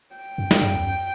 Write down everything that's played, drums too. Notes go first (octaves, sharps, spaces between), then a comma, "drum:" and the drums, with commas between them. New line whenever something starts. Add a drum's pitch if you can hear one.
G5
F#2
drum: snare
G2
F#2
E2
F#2